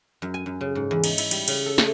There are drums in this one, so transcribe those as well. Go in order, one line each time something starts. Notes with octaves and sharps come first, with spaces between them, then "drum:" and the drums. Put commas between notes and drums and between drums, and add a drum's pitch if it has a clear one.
F#2
G#5
F#2
C#3
G#2
E2
D#4, drum: cymbal
E4, drum: cymbal
G3, drum: cymbal
C#3, drum: cymbal
A4
A3, drum: snare